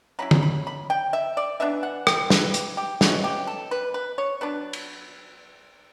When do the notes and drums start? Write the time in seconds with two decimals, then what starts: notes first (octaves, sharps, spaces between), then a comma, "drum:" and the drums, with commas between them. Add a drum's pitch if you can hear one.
0.19 F#3 C#4 E4 B5
0.31 drum: tom
0.43 B5
0.67 B5
0.90 G5
1.13 E5
1.37 D5
1.60 E3 B3 D4 E5
1.83 F#5
2.07 G5, drum: rim click
2.30 B4, drum: snare
2.54 G4, drum: hi-hat
2.77 G4
3.01 B2 F#3 C#4 E4 F#4, drum: snare
3.24 G4
3.47 A4
3.71 B4
3.94 B4
4.18 C#5
4.41 F#3 B3 D4 B4
4.73 drum: cymbal